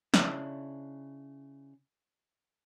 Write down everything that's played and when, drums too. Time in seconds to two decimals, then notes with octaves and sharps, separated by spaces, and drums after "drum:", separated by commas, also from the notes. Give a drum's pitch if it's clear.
0.14 C#3 D4 E4, drum: snare